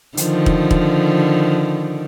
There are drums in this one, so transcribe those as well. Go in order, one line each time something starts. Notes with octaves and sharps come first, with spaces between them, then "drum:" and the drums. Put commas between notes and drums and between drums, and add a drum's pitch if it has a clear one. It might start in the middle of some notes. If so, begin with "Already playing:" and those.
D3 D#3 F3, drum: hi-hat
drum: kick E1
drum: kick E1